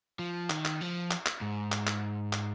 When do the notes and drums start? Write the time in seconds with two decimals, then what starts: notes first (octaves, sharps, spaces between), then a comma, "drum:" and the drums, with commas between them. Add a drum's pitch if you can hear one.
0.19 F3
0.50 D#3, drum: clap
0.65 drum: clap
0.81 F3
1.11 drum: clap
1.26 drum: clap
1.41 G#2
1.72 drum: clap
1.87 drum: clap
2.33 drum: clap